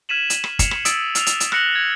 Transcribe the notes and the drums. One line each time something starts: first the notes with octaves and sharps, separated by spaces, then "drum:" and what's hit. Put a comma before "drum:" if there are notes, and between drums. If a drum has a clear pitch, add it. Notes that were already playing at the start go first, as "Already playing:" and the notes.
F6 G#6 B6 D#7 E7 F#7
drum: hi-hat
drum: rim click
C7 C#7 E7 F7, drum: kick, hi-hat
drum: rim click
D#6 E6 A6 B6 D7, drum: hi-hat
E6 F6 C7 F7, drum: hi-hat
drum: hi-hat
drum: hi-hat
F6 F#6 A#6 C#7 D7 F#7, drum: rim click
G#6